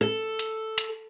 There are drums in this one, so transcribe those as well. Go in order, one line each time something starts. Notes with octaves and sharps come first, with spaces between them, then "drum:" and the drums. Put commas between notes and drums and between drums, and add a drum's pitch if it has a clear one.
A4
drum: hi-hat
drum: hi-hat